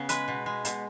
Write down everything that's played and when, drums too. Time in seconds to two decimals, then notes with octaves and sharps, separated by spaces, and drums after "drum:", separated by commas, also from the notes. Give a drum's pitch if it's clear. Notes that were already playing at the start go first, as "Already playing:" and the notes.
Already playing: C#3 B3
0.09 G#3 B4, drum: hi-hat
0.28 B2
0.46 G#3
0.65 B2, drum: hi-hat